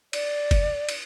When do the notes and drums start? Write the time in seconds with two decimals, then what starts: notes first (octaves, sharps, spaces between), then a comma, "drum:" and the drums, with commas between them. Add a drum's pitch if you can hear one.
0.13 D5, drum: cymbal
0.51 drum: kick, cymbal
0.89 drum: cymbal